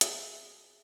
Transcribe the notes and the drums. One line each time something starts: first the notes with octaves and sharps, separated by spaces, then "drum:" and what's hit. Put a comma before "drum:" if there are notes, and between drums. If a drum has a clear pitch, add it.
F#4 G#4 E5, drum: hi-hat